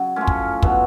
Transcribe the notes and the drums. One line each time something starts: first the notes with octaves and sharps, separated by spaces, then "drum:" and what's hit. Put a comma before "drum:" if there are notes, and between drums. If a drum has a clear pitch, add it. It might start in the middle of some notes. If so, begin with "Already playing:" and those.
Already playing: C#3 F#3
A2 F3 C#4
drum: kick
B2 F#3, drum: kick